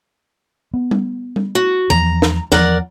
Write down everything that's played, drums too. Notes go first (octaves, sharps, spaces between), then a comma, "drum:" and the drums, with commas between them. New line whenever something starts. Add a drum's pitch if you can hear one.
B3
drum: tom G3
drum: tom G3
F#4
E2 F3 A#5
drum: snare
E2 F3 A#4 D5 F#5, drum: snare